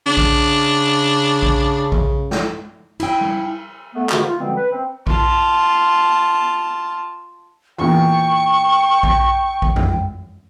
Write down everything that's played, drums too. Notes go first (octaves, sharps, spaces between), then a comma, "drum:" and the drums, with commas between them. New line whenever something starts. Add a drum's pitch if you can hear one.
C#3 D4
drum: kick A#1
drum: kick A#1
drum: kick A#1
drum: snare
E4 G5, drum: cymbal
drum: tom G3
A3 B3
G#2 D3 D#3 A3 F4 F#4, drum: clap
F4
B2 D3 F3 G3 G#3 C4
B4
C4
F4 A5, drum: kick A#1
E2 A#2 G5 C#6
drum: kick A#1
drum: kick A#1
drum: tom F2